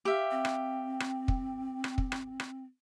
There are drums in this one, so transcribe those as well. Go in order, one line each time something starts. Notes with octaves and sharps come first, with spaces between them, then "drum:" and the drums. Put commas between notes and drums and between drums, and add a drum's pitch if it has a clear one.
G4 E5 F5
C4
drum: rim click
drum: rim click
drum: kick
drum: rim click
drum: kick
drum: rim click
drum: rim click